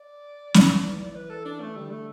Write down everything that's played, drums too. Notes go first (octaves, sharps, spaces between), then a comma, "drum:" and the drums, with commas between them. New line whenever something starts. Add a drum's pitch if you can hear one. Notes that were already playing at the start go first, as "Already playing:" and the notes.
Already playing: D5
E3, drum: snare
E3
B4
A4
D4
A3
D3 G3
A3